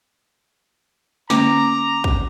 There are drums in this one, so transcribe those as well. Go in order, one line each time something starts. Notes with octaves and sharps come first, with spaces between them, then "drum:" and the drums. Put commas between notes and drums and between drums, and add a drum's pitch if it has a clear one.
D3 A#3 C#4 A#5 D6, drum: snare
drum: kick